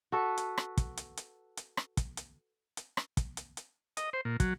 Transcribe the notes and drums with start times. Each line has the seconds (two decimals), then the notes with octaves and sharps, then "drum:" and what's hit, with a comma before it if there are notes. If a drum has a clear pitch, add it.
0.12 F#4 A4 B4
0.38 drum: hi-hat
0.58 drum: rim click
0.77 drum: kick, hi-hat
0.97 drum: hi-hat
1.17 drum: hi-hat
1.57 drum: hi-hat
1.77 drum: rim click
1.97 drum: kick, hi-hat
2.17 drum: hi-hat
2.77 drum: hi-hat
2.97 drum: rim click
3.17 drum: kick, hi-hat
3.37 drum: hi-hat
3.57 drum: hi-hat
3.97 D#5, drum: hi-hat
4.13 C5
4.25 A#2
4.40 F#3, drum: kick, hi-hat